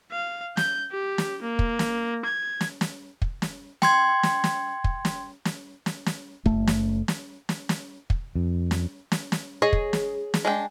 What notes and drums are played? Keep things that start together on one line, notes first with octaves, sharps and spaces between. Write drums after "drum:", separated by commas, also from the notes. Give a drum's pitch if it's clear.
F5
G6, drum: snare
G4
drum: snare
A#3
drum: kick
drum: snare
G#6
drum: snare
drum: snare
drum: kick
drum: snare
G5 C6 G#6, drum: snare
drum: snare
drum: snare
drum: kick
drum: snare
drum: snare
drum: snare
drum: snare
F#1 A3, drum: kick
drum: snare
drum: snare
drum: snare
drum: snare
drum: kick
F2
drum: snare
drum: snare
drum: snare
G#4 C#5 D#5
drum: kick
drum: snare
drum: snare
G#3 D4 G5